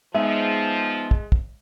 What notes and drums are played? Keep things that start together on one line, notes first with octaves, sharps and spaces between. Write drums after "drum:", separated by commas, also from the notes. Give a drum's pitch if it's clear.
F3 G#3 B3 D#4 G#4 E5
drum: kick
drum: kick